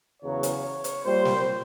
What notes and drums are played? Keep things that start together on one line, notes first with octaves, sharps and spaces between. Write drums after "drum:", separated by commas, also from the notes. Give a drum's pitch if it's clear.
E2 C#3 F#3 C#5
drum: hi-hat
drum: hi-hat
A#2 G3 C5
drum: snare